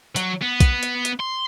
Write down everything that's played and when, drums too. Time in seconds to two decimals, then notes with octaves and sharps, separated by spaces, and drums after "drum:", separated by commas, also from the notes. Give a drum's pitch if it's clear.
0.16 F#3, drum: hi-hat
0.42 B3
0.60 drum: kick, hi-hat
0.83 drum: hi-hat
1.05 drum: hi-hat
1.20 C6